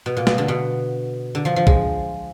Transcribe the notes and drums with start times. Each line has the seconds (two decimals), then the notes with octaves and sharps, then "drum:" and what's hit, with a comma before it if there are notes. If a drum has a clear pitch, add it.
0.06 B2
0.17 A#2
0.27 B2, drum: snare
0.38 D3
0.48 B2
1.35 D3
1.45 F3
1.56 F3
1.67 G#3, drum: kick B1